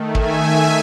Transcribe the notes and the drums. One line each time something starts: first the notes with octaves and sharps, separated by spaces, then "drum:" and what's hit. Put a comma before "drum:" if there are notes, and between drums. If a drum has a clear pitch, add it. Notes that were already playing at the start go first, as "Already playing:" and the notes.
Already playing: D#3 A3
E5 G#5, drum: kick